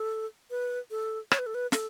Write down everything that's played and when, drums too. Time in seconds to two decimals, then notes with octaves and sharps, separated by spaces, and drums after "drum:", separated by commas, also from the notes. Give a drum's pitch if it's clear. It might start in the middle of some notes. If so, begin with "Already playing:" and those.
Already playing: A4
0.51 B4
0.91 A4
1.32 C#5, drum: rim click
1.39 B4
1.46 A4
1.54 B4
1.72 A4, drum: snare